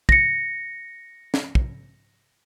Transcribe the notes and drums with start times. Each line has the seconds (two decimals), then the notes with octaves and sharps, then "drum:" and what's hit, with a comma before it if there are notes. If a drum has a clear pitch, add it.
0.09 A#6 C#7, drum: kick
1.34 drum: snare
1.55 drum: kick